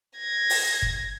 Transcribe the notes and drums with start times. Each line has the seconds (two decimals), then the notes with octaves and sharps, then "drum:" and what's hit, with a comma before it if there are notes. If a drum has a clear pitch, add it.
0.19 G#6 A#6
0.50 drum: open hi-hat
0.82 drum: kick